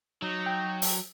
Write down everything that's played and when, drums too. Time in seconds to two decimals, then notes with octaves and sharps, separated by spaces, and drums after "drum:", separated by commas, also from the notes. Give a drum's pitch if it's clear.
0.22 F#3 D#4
0.46 G5
0.82 drum: open hi-hat